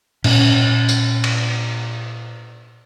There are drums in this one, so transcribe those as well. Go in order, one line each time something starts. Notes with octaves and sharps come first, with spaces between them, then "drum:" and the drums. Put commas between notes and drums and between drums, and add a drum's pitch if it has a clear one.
A#2 C#4, drum: cymbal
drum: tambourine
drum: cymbal